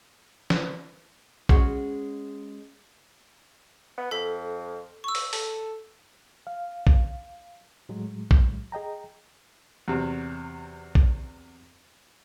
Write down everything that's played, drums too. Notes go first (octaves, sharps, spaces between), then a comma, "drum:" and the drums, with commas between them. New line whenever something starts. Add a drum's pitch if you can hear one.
drum: snare
G#3 C#4 F#4, drum: kick B1
B3
F2 A4 B6
C#6 E6
drum: open hi-hat
A4, drum: open hi-hat
F5
drum: kick B1
A2 F#3 G#3
drum: kick B1
G#4 D#5 G5 A#5
E2 C3 F#3
drum: kick B1